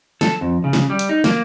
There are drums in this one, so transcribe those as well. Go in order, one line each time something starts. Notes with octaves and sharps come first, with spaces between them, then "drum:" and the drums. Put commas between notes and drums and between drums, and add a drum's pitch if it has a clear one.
A4, drum: snare
F2
C#3
drum: snare
G3
drum: hi-hat
D#4
A#3, drum: snare